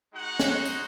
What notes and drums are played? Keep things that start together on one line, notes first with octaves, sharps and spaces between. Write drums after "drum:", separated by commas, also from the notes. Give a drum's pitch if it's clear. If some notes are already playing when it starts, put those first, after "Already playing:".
G#3 D#4 F#4 F#5
drum: snare
drum: tambourine